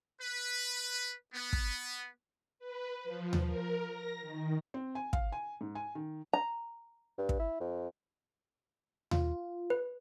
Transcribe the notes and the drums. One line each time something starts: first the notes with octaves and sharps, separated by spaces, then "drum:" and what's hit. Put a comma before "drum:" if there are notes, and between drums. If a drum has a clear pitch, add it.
B4
B3
drum: kick
B4
F3
drum: tom D#2
A#4
A#6
D#3
C4
G#5
F5, drum: kick
G#5
G#2
G#5
D#3
A#5
G2
drum: kick
E4
F2
F4, drum: tom D#2
B4